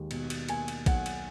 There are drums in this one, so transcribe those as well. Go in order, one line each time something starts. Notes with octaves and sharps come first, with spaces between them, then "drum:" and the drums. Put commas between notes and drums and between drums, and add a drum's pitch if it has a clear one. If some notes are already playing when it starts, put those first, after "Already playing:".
Already playing: D#2 G#3
B2, drum: cymbal
drum: cymbal
A#3 G#5, drum: cymbal
drum: cymbal
B1 F#5, drum: kick A#1, cymbal
drum: cymbal